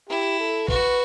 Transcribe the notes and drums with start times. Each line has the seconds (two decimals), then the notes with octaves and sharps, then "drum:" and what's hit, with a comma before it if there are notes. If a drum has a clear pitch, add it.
0.09 E4 G4
0.40 A4
0.68 F#4 B4, drum: kick A#1